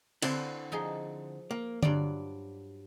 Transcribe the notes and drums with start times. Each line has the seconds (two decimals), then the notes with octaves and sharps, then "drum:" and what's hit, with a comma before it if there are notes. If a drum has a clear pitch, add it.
0.22 D3 C4 E4 F#5 A5 C6, drum: cymbal
0.72 F3 D#4 G#4
1.51 A#3
1.83 G2 F#3 F4 D5, drum: tom D3